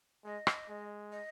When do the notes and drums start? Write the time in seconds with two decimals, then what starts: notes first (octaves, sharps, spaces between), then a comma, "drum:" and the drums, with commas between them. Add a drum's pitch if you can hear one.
0.24 G#3 D#5
0.47 drum: rim click
0.69 G#3
1.12 D#5